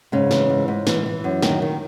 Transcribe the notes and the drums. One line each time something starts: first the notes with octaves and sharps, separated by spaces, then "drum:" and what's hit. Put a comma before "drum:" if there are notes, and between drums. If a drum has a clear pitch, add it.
G#2 C#3 C#4
E3, drum: snare
G#2
G#2
E3, drum: snare
E3
F#2
D#3, drum: snare
D#3